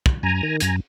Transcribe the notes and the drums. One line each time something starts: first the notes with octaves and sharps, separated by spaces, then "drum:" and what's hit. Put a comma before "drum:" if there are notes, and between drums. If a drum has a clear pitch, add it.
drum: kick
F#2 G#5 A#5
D#3
F#2 G#5 A#5, drum: hi-hat